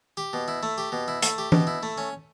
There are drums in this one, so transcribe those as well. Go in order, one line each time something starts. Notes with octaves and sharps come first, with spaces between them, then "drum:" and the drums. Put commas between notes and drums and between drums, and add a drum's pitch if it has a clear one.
G4
B2
E4
A3
G4
B2
E4
A3, drum: hi-hat
G4
B2, drum: tom E3
E4
A3
C#4